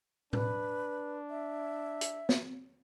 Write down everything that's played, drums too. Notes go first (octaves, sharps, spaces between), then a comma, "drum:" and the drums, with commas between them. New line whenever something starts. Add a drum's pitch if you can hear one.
D4 B4, drum: tom A2
E5
drum: hi-hat
drum: snare